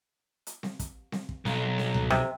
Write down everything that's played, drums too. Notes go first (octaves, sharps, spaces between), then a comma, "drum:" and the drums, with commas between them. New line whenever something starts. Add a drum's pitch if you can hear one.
drum: hi-hat
drum: snare C4
drum: kick, hi-hat
drum: snare C4
drum: kick
B1, drum: snare C4
drum: snare C4
drum: tom C#2
C3, drum: snare C4